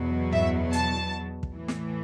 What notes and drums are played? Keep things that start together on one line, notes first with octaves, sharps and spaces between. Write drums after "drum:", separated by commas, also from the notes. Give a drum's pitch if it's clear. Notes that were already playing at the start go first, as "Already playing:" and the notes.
Already playing: E2 B2 F#3
E5, drum: tom
A5, drum: hi-hat
drum: kick
A2 E3
drum: snare